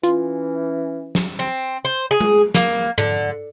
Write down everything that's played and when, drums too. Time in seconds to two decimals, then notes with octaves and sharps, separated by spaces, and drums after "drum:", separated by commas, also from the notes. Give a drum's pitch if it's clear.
0.03 E3 C#4 F4, drum: hi-hat
1.15 drum: snare
1.39 C4
1.85 C5
2.11 G#4
2.21 drum: tom G#3
2.54 A#3, drum: snare
2.98 D3, drum: tom G#2